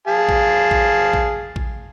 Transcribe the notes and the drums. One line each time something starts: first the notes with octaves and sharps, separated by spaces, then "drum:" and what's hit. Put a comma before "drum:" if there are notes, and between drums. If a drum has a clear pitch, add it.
G#4 F5 A5
drum: kick A1
drum: kick A1
drum: kick A1
drum: kick A1